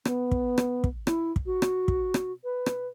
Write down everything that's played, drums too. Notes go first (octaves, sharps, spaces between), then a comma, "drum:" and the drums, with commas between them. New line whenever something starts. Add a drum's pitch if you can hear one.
B3, drum: rim click
drum: kick
drum: rim click
drum: kick
E4, drum: rim click
drum: kick
F#4
drum: rim click
drum: kick
drum: rim click
B4
drum: rim click